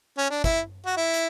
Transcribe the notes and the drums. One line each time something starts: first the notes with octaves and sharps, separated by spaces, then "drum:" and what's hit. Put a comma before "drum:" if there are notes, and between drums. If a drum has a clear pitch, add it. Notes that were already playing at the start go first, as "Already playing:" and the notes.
C#4
D4
E4, drum: kick, hi-hat
F#4
E4
drum: hi-hat